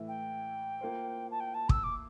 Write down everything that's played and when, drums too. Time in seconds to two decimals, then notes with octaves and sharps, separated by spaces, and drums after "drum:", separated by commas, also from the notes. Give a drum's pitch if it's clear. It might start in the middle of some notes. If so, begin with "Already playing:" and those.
Already playing: A2 E3 A3 E4
0.08 G5
0.81 A#3 F4 C5
1.31 A5
1.40 G5
1.54 A5
1.69 E6, drum: kick
1.83 D6